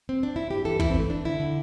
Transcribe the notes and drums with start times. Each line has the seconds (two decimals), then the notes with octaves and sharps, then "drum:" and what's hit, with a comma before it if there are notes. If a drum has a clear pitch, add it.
0.09 C4
0.23 D4
0.36 E4
0.50 G2 G4
0.65 E3 A4
0.80 E3 E4, drum: kick
0.90 C4
0.95 G2 A3
1.10 D2 D4
1.25 D3 E4
1.40 D3